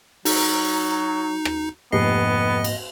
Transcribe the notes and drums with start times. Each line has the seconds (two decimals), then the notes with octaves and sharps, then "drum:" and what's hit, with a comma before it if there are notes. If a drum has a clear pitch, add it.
0.25 F#3 D#4 F#4, drum: open hi-hat
1.45 drum: rim click
1.92 F1 G#2 A#3 B3 G4 D#5 C7
2.64 drum: cymbal